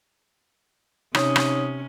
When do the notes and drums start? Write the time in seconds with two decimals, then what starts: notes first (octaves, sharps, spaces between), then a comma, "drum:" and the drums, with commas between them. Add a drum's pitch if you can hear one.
1.15 C3 C#4 D#4 C#5 D#6, drum: rim click
1.36 drum: rim click